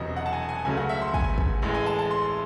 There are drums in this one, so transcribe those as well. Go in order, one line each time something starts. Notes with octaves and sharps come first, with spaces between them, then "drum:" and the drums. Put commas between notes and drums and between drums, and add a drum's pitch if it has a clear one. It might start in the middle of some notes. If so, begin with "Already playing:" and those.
Already playing: E1 E2 C3 F#3 D#5
F#5
A5
G#5
G#5
C#2 C#3 F#3 A3 G#5
F#5
E5
C6
G#5, drum: kick
drum: kick
A1 A2 G#3
G#5
A5
A5
C6